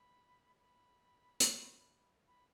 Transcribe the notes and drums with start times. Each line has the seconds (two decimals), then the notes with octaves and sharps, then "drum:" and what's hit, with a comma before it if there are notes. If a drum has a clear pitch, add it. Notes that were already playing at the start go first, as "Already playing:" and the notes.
Already playing: B5
0.60 B5
1.40 drum: hi-hat
2.28 B5